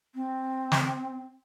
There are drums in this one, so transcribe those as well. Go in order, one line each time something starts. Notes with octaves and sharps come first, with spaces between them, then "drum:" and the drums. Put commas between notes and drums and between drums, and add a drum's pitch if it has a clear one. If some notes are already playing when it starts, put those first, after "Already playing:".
C4
drum: snare